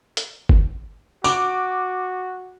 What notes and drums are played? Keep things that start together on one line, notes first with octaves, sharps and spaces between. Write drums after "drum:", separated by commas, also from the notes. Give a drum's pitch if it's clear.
drum: hi-hat
drum: kick
F#4 D6, drum: tambourine